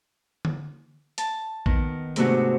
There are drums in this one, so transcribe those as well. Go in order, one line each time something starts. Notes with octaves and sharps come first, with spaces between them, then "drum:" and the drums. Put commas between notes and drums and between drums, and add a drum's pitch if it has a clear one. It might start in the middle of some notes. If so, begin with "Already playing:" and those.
drum: tom D3
A5, drum: hi-hat
D#3 B3, drum: kick A1
G#2 C3 A3 B3 D4 F#4, drum: hi-hat